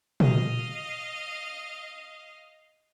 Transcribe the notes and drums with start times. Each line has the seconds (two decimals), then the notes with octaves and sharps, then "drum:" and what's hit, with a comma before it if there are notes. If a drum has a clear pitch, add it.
0.20 D#5 F5, drum: tom